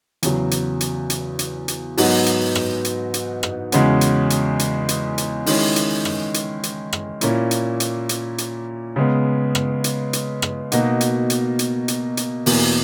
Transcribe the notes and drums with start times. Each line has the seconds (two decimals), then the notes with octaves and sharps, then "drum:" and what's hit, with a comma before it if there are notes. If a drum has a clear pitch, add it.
0.23 E2 C#3 F#3, drum: hi-hat
0.51 drum: hi-hat
0.81 drum: hi-hat
1.10 drum: hi-hat
1.39 drum: hi-hat
1.68 drum: hi-hat
1.98 G#2 F#3 B3 D#4 F#4, drum: open hi-hat
2.26 drum: hi-hat
2.55 drum: rim click
2.85 drum: hi-hat
3.14 drum: hi-hat
3.43 drum: rim click
3.72 E2 C#3 G#3 C#4 F#4, drum: hi-hat
4.01 drum: hi-hat
4.30 drum: hi-hat
4.59 drum: hi-hat
4.89 drum: hi-hat
5.18 drum: hi-hat
5.46 D#3 G#3 C#4 E4, drum: open hi-hat
5.76 drum: hi-hat
6.05 drum: rim click
6.34 drum: hi-hat
6.63 drum: hi-hat
6.93 drum: rim click
7.21 A#2 A#3 C#4 E4, drum: hi-hat
7.51 drum: hi-hat
7.80 drum: hi-hat
8.09 drum: hi-hat
8.38 drum: hi-hat
8.96 C#3 G#3 B3
9.55 drum: rim click
9.84 drum: hi-hat
10.13 drum: hi-hat
10.42 drum: rim click
10.72 B2 A#3 D#4 F#4, drum: hi-hat
11.01 drum: hi-hat
11.30 drum: hi-hat
11.59 drum: hi-hat
11.88 drum: hi-hat
12.17 drum: hi-hat
12.46 E2 B2 A#3, drum: open hi-hat